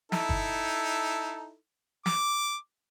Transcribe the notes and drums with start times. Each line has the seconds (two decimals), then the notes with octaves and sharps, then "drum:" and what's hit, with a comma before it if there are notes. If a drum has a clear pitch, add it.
0.12 D#4 E4 A4, drum: snare
0.29 drum: kick
2.06 D6, drum: snare